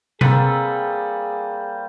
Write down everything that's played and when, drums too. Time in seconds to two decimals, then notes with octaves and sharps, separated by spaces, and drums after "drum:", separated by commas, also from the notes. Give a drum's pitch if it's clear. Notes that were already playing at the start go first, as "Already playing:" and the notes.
0.21 G3 A#3 C4 G#4 A4 B4, drum: tom C3